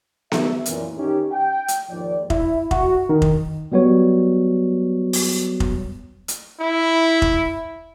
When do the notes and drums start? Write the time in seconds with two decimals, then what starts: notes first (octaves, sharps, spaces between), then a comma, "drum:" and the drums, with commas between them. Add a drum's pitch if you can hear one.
0.32 E5, drum: snare B3
0.66 F#2 A#2 E3, drum: hi-hat
0.95 D#3 C#4 D#4 G4
1.32 G5
1.68 drum: hi-hat
1.89 D#2 G#2 F3 D5
2.30 E4, drum: kick F1
2.71 F#4, drum: kick F1
3.09 D#3
3.22 drum: kick F1
3.72 F#3 G3 B3 F#4 C#5
5.13 drum: open hi-hat
5.60 drum: kick F1
6.28 drum: hi-hat
6.60 E4
7.22 drum: kick F1